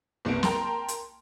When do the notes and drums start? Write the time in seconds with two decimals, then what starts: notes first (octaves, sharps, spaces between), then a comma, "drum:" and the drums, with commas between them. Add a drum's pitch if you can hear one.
0.25 F#1 C2 B3 D7
0.43 A#4 G5 A5 A#5 C6, drum: snare
0.88 drum: hi-hat